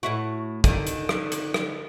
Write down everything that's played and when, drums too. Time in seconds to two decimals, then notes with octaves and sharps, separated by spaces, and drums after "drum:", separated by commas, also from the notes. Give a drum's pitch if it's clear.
0.03 A2 E4 F#4
0.64 D3 D#3, drum: kick, hi-hat
0.87 drum: hi-hat
1.09 drum: rim click
1.32 drum: hi-hat
1.54 drum: rim click